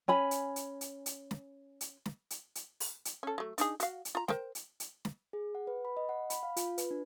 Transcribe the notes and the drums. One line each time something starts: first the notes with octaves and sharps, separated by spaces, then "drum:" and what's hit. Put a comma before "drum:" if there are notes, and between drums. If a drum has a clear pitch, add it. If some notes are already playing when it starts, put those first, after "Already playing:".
C#4 G#5 B5
drum: hi-hat
drum: hi-hat
drum: hi-hat
drum: hi-hat
drum: snare
drum: hi-hat
drum: snare
drum: hi-hat
drum: hi-hat
drum: open hi-hat
drum: hi-hat
C#4 A4
F#3 A3
D4 D#4 G#4, drum: hi-hat
F#4 F5, drum: hi-hat
drum: hi-hat
F4 A#5
A#4 C5 G5, drum: snare
drum: hi-hat
drum: hi-hat
drum: snare
G#4
F#5
B4
B5
D#5
F#5
B5, drum: hi-hat
F5
F4, drum: hi-hat
B4, drum: hi-hat
D4